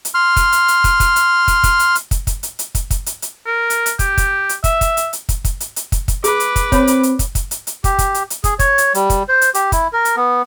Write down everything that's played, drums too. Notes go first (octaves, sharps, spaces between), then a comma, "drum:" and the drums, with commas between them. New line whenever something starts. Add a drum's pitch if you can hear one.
drum: hi-hat
C6 F6
drum: kick, hi-hat
drum: hi-hat
drum: hi-hat
drum: kick, hi-hat
drum: kick, hi-hat
drum: hi-hat
drum: kick, hi-hat
drum: kick, hi-hat
drum: hi-hat
drum: hi-hat
drum: kick, hi-hat
drum: kick, hi-hat
drum: hi-hat
drum: hi-hat
drum: kick, hi-hat
drum: kick, hi-hat
drum: hi-hat
drum: hi-hat
A#4
drum: hi-hat
drum: hi-hat
G4, drum: kick, hi-hat
drum: kick, hi-hat
drum: hi-hat
E5, drum: kick, hi-hat
drum: kick, hi-hat
drum: hi-hat
drum: hi-hat
drum: kick, hi-hat
drum: kick, hi-hat
drum: hi-hat
drum: hi-hat
drum: kick, hi-hat
drum: kick, hi-hat
G#4 B4 D6, drum: hi-hat
drum: hi-hat
drum: kick, hi-hat
C4 C#5 B5, drum: kick, hi-hat
drum: hi-hat
drum: hi-hat
drum: kick, hi-hat
drum: kick, hi-hat
drum: hi-hat
drum: hi-hat
G4, drum: kick, hi-hat
drum: kick, hi-hat
drum: hi-hat
drum: hi-hat
G#4, drum: kick, hi-hat
C#5, drum: kick, hi-hat
drum: hi-hat
G3, drum: hi-hat
drum: kick, hi-hat
C5
drum: hi-hat
G4, drum: hi-hat
E4, drum: kick, hi-hat
A#4
drum: hi-hat
B3